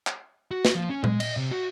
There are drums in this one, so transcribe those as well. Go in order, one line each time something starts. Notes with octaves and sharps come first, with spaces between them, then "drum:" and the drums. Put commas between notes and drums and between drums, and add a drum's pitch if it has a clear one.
drum: clap
F#4
drum: snare
F3
C#4
G#3, drum: tom A#2
D#5, drum: cymbal
C3
F#4